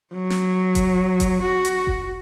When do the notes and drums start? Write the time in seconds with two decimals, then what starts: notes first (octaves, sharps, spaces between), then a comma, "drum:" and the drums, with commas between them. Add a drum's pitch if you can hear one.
0.14 F#3
0.30 drum: snare
0.75 drum: kick F#1, hi-hat
1.20 drum: kick F#1, hi-hat
1.42 F#4
1.65 drum: hi-hat
1.87 drum: kick F#1